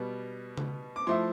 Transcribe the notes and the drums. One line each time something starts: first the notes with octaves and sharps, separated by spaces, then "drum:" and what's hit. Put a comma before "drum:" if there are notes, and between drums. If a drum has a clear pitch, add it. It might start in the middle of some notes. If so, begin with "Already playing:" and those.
Already playing: B2 G3 B3
drum: tom C#3
D6
F3 A3 E4 C6